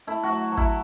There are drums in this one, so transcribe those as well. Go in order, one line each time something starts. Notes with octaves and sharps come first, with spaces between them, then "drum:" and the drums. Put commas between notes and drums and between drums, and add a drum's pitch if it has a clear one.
A3 E4
F#4
F#3
F#3
E4, drum: kick